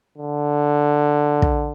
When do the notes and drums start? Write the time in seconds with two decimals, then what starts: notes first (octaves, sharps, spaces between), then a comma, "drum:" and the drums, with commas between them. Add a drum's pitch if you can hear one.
0.18 D3
1.42 drum: kick